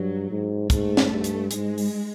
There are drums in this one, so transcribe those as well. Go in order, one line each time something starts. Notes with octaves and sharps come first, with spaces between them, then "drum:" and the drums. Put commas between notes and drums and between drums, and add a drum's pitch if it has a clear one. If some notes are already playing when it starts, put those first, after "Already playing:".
Already playing: G2 F#3
G#2
G#2 A3, drum: kick, hi-hat
drum: snare
G2
drum: hi-hat
G#2 G#3, drum: hi-hat
drum: open hi-hat